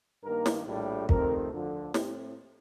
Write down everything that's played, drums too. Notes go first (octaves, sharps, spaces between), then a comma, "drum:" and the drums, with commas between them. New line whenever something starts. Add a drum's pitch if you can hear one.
G2 D#3 A#3 A#4
drum: snare
A#1 A2 G3
F2 C3 D#3 A3 C4 A#4, drum: kick
D2 D3 F3
A2 A3 C4 G4, drum: snare